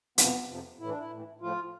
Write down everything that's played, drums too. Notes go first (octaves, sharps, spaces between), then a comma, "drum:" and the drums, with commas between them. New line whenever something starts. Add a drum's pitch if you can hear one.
F2 C3 F3 B3, drum: hi-hat
F2 C3 F3
A2 E3 E4
D4
E4
A2 E3
A2 F3 F4